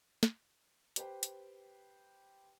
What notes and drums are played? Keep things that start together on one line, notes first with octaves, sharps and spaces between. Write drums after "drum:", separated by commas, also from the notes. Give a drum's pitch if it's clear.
drum: snare
G4 B4 C5 G5, drum: hi-hat
drum: hi-hat